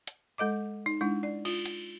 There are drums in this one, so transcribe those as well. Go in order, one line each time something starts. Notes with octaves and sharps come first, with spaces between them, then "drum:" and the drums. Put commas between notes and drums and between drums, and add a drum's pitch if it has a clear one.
drum: hi-hat
G#3 A4 D#5 D6
D#4
G#3 D4 E4
D5
F4, drum: cymbal
drum: hi-hat